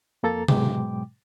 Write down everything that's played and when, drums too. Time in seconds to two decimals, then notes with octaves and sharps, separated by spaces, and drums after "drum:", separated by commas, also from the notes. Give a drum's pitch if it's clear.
0.23 F2 A#3 A4 A#5 A6
0.48 G#2 B2 F#3 G#3 G5 D6, drum: tom C3